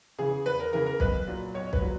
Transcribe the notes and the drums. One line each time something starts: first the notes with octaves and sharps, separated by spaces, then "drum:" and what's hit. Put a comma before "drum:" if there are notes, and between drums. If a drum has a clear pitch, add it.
C#3 E3 G#4
E2 B4
A#4
C#3 E3 A#4
A#4
B1 B4, drum: kick B1
A#2 F#3
B1 C#5
B4, drum: kick B1
A#2 F#3